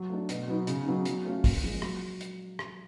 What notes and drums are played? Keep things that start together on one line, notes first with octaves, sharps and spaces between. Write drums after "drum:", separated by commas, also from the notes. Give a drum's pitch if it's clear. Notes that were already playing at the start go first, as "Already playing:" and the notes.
Already playing: F#3
A3 D4
B2, drum: hi-hat
F#3 B3 D#4
C#3, drum: hi-hat
F#3 B3 D#4
F#3, drum: hi-hat
A3 C#4 F4 A4
A#2, drum: kick, open hi-hat
F3 G#3
F#3, drum: rim click
drum: hi-hat
drum: rim click